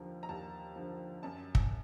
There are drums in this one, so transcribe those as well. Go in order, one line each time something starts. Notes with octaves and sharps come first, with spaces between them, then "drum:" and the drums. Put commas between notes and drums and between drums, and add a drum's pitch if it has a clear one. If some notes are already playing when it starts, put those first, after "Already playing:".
Already playing: D#2 D3 F3 A#5
A#5
D#2 A5
D3 F3
F#2 A5
drum: kick